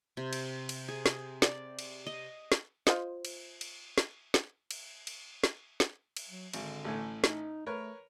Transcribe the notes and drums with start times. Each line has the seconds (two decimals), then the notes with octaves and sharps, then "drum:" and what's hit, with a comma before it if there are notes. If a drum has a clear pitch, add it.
0.17 C3
0.33 drum: cymbal
0.69 drum: cymbal
0.88 G#4
1.06 drum: snare
1.42 D5, drum: snare
1.79 drum: cymbal
2.06 D#5
2.52 drum: snare
2.87 F4 C5 D#5, drum: snare
3.25 drum: cymbal
3.61 drum: cymbal
3.98 drum: snare
4.34 drum: snare
4.71 drum: cymbal
5.07 drum: cymbal
5.44 drum: snare
5.80 drum: snare
6.17 drum: cymbal
6.28 F#3
6.53 G#1 D3, drum: cymbal
6.85 A1 A2 G#5
7.24 D#4, drum: snare
7.66 A3 A#4 B4 C#5